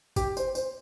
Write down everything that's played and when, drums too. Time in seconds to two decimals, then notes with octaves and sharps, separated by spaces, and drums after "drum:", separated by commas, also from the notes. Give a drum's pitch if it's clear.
0.16 G4, drum: kick G#1, tambourine
0.37 C5, drum: tambourine
0.55 C5, drum: tambourine